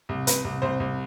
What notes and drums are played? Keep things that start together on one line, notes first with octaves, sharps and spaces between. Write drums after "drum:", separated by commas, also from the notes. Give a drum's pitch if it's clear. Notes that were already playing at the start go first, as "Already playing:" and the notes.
C2
C2 B4, drum: hi-hat
C2
C2 C5
C2